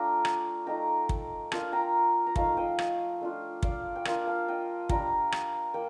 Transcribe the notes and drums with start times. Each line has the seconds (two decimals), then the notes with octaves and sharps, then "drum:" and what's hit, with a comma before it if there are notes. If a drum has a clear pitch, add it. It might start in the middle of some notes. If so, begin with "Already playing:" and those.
Already playing: A3 D4 F4 F5 G5 A#5
0.25 drum: rim click
0.66 A3 D#4 G5 A#5
1.09 drum: kick
1.52 A#3 D4 F4 A5 C6, drum: rim click
1.72 G5 A#5
2.26 A#5
2.36 F3 A3 D#4 F5 A5, drum: kick
2.57 D#5 G5
2.79 drum: rim click
3.21 A3 D4 F4
3.63 D5 F5, drum: kick
3.96 G5
4.05 A#3 D4 F4 D5 F5, drum: rim click
4.27 F5 A5
4.48 D#5 G5
4.89 G3 D4 F4 G5 A#5, drum: kick
5.32 drum: rim click
5.74 A#3 G5